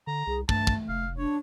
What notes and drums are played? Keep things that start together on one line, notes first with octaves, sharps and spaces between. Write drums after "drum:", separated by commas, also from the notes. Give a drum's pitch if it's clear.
D3 A#5
C2 G#4
G2 A3 A5, drum: kick
drum: kick
F1 F5
D4 C#5